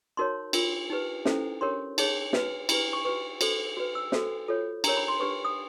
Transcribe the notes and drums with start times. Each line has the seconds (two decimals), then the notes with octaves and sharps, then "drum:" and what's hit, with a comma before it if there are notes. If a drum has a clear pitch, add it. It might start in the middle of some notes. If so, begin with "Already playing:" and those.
0.17 D#4 F#4 A#4 C#5 C6
0.53 D4 F4 A#4, drum: cymbal
0.90 D#4 G4 B4
1.25 C#4 E4 A4 C5, drum: snare
1.61 D4 G4 A#4 C#5 C6
1.98 D#4 G#4 C#5, drum: cymbal
2.33 D#4 F#4 B4, drum: snare
2.69 E4 G4 B4 B5, drum: cymbal
2.93 C#6
3.05 F#4 B4 C#6
3.41 F#4 A4 C5, drum: cymbal
3.77 F#4 B4
3.95 E6
4.12 F#4 A4 C5, drum: snare
4.48 F4 A4 C#5
4.84 D4 G4 A#4 C#5 A#5, drum: cymbal
4.97 B5
5.08 C6
5.20 D4 G4 B4 C#6
5.45 D#6